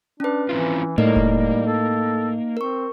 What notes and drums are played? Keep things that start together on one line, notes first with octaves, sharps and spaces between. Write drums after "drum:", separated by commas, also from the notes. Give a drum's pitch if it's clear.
C#4 D4 B4
E3 C4 E4 F4
A2 G3 A#3 D#4 A#4 D#5
drum: kick E1
A4
C4 A#4 C#6